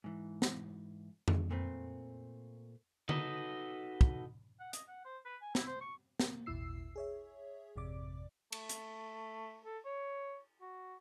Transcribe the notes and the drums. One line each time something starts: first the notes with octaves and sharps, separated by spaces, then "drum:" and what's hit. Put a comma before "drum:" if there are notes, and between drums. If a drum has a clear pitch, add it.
G#2 E3
drum: snare
drum: tom F2
A#2 A3 C4 B4
D#4 F#4 A4 B4 D#5, drum: tom D3
drum: kick
F#5
D#5, drum: hi-hat
F#5
C5
B4
G#5
E4, drum: snare
C5
C#6
A#3, drum: snare
G#1 D#2 A#2 E4 E6 C7
G#4 C#5 E5
G#1 F2 C3 D5 D6
A3, drum: cymbal
drum: hi-hat
A4
C#5
F#4